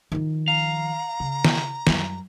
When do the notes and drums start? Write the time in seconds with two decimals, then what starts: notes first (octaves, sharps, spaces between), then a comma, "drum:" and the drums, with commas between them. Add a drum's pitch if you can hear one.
0.12 D#3 F3
0.48 F5 A#5
1.20 C#3
1.45 drum: snare
1.87 F#2 G3, drum: snare